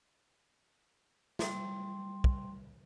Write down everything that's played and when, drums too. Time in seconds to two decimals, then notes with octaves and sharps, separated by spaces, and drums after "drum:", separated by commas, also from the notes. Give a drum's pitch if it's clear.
1.39 G3 C6, drum: snare
2.24 drum: kick